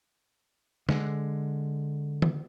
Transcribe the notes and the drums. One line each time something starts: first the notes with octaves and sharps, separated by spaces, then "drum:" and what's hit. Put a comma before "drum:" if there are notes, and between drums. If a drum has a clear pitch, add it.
D3 G#3, drum: snare
drum: tom D#3